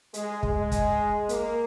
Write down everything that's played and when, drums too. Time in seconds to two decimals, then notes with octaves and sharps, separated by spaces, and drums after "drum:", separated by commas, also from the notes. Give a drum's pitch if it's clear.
0.14 G#3, drum: hi-hat
0.43 G#3, drum: kick
0.71 drum: kick, hi-hat
1.29 A#3, drum: hi-hat